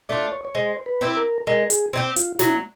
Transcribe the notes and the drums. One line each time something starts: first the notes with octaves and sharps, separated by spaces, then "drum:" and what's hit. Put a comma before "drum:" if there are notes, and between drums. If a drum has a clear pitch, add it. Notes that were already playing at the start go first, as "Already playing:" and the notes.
A3 D4 F4 D5
C#5
C#5
G#3 C5
B4
C4 E4 G4
A#4
G#3 A#4
G#4, drum: hi-hat
C4 E4 G4
F4, drum: hi-hat
F#3 E4, drum: snare